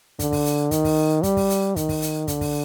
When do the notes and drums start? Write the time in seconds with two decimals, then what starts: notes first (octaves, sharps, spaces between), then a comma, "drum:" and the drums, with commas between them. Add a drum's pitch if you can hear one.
0.19 D3, drum: kick, hi-hat
0.32 drum: kick, open hi-hat
0.45 drum: hi-hat
0.71 D#3, drum: kick, hi-hat
0.84 drum: kick, open hi-hat
1.23 G3, drum: kick, hi-hat
1.37 drum: kick, open hi-hat
1.50 drum: hi-hat
1.76 D#3, drum: kick, hi-hat
1.89 drum: kick, open hi-hat
2.02 drum: hi-hat
2.28 D3, drum: kick, hi-hat
2.41 drum: kick, open hi-hat